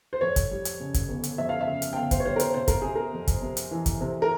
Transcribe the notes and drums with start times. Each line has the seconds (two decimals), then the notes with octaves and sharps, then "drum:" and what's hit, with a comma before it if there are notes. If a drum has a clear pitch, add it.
0.13 C5
0.21 F2 C#5
0.36 drum: kick, hi-hat
0.51 G3
0.65 drum: hi-hat
0.80 C#3
0.94 drum: kick, hi-hat
1.09 G1
1.24 drum: hi-hat
1.38 F2 E5
1.49 F5
1.61 E5
1.67 C#3
1.82 drum: hi-hat
1.93 G5
1.96 G1 F5
2.11 C5, drum: kick, hi-hat
2.20 C#5
2.26 G3 C5
2.36 A#4
2.40 C5, drum: hi-hat
2.54 C3 C5
2.68 A#4, drum: kick, hi-hat
2.82 C3 G#4
2.96 A#4
3.13 F2
3.27 drum: kick, hi-hat
3.42 C3
3.57 drum: hi-hat
3.71 E3
3.86 drum: kick, hi-hat
4.01 C3
4.22 A#4